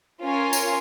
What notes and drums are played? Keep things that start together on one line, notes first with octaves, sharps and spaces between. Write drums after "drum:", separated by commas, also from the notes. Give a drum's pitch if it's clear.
C#4 F4 A#4 C#5 G#5
drum: tambourine